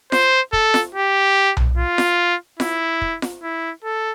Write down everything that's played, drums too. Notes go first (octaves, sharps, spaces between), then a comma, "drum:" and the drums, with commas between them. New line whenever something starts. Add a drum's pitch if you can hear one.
C5, drum: snare F4
A4, drum: kick
drum: snare F4
G4
drum: tom B1
F4
drum: snare F4
E4, drum: snare F4
drum: kick
drum: snare F4
E4
A4